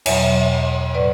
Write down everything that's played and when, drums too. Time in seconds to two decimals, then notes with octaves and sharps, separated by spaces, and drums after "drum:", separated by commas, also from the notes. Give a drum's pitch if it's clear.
0.06 E2 B2 F#3 C#5 E5, drum: cymbal
0.94 A2 F#3 B4 D5